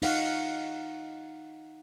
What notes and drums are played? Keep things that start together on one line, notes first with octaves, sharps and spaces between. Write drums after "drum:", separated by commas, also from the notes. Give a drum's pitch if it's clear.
D#4 F5 F#5, drum: open hi-hat